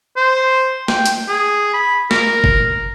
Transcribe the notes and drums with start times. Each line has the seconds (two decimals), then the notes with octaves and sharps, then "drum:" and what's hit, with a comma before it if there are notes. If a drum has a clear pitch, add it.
0.17 C5
0.88 G5, drum: snare
1.06 drum: hi-hat
1.28 G#4
1.74 B5
2.11 A#4, drum: snare
2.44 drum: kick